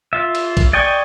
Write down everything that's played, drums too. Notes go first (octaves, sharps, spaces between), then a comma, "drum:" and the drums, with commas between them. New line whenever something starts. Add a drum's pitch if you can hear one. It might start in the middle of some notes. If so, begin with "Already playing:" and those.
F4 E5
drum: cymbal
drum: kick, cymbal
D5 D#5 G5 G#5 C#6